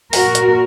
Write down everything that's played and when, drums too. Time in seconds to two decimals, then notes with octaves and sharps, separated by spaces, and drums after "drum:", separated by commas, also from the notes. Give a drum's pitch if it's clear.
0.13 A#2 F#4 A#4, drum: open hi-hat
0.35 drum: hi-hat